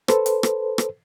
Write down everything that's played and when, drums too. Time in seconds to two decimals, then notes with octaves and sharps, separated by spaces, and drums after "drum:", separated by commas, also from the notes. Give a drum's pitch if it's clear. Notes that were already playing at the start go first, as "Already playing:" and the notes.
0.08 A4 B4 C5, drum: rim click
0.26 drum: hi-hat
0.43 drum: rim click
0.78 drum: rim click